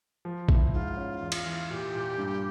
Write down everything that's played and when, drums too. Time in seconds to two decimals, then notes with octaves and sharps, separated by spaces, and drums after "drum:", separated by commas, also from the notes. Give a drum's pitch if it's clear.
0.25 F3
0.49 E4, drum: kick A1
0.73 G#2 F4
0.97 C#4
1.21 E2
1.32 drum: cymbal
1.46 E3
1.70 A#2 G4
1.95 A#2
2.18 G2